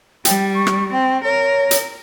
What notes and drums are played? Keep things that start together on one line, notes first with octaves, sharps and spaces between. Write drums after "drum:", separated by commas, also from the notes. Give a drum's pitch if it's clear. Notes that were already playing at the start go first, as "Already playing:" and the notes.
G3 G5, drum: hi-hat
C#6
drum: rim click
C4 G5
A#4 C#5
drum: hi-hat